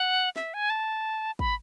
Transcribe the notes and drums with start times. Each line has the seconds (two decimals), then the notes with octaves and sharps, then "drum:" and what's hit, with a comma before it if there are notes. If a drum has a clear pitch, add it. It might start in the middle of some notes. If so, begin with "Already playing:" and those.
Already playing: F#5
0.36 E5, drum: snare
0.54 G#5
0.70 A5
1.39 B5, drum: kick